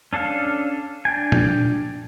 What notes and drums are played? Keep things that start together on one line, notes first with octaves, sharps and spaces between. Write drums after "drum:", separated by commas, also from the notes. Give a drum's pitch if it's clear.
C#4 D4 A4 F5 F6
D4 G5 G#5
drum: tom A#2